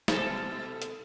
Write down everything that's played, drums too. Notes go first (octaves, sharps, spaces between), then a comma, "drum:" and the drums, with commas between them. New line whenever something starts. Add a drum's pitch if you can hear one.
B2 A4, drum: snare
drum: hi-hat